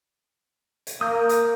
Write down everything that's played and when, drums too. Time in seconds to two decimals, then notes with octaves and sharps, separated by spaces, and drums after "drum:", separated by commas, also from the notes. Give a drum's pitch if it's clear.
0.87 drum: hi-hat
1.01 A#3 D#6 G6
1.29 drum: hi-hat